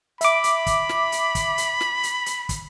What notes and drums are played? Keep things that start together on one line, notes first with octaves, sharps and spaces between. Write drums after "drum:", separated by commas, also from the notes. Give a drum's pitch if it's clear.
E5 B5 D6, drum: hi-hat
drum: hi-hat
drum: kick, hi-hat
drum: snare
drum: hi-hat
drum: kick, hi-hat
drum: hi-hat
drum: snare
drum: hi-hat
drum: hi-hat
drum: kick, hi-hat